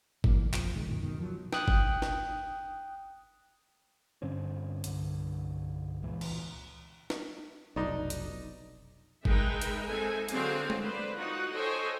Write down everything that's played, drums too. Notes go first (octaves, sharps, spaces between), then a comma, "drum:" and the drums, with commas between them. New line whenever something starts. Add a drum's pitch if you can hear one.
A#2 E3 A#3, drum: kick G1
A#1 F2 F3, drum: clap
D1 C#2 D#3 G#3
F#2 A#2 D#3
B2 D#3
F3 F#3
G5 D#6 F#6, drum: snare
drum: kick G1
drum: snare
G2 D3 C4 C#4
C2 G2 D3, drum: hi-hat
E1 C#2 A#2 E3
drum: cymbal
drum: snare
F1 B1 D4 D#4
drum: hi-hat
G#3 D#4 A#4 B4 E5 G5, drum: kick G1
drum: hi-hat
G#3 C4 D#4 A4 E5 G#5
D3 F#3 C4 G#4 F5, drum: hi-hat
drum: tom G#3
B4 C5 D5
D#4 F4 F#4 F#5
A4 C5 C#5 D#5 G5 G#5